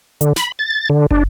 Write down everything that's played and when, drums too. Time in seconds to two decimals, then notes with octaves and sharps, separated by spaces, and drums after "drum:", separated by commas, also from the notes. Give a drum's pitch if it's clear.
0.21 D3, drum: hi-hat
0.36 B5, drum: snare
0.59 A6
0.90 D3
1.11 D4, drum: kick